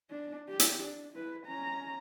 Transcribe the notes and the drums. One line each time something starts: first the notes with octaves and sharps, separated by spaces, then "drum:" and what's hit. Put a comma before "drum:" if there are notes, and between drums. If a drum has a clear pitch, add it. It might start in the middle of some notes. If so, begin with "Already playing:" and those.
D4
G4
drum: hi-hat
D4
E4 B4
C#4 A#5